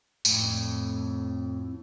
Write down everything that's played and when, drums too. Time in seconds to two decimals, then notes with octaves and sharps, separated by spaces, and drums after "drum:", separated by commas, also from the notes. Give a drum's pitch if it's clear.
0.25 F2 A2, drum: tambourine